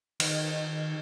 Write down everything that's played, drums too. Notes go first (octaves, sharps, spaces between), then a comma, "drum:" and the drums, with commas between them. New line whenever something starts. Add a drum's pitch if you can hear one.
D#3, drum: cymbal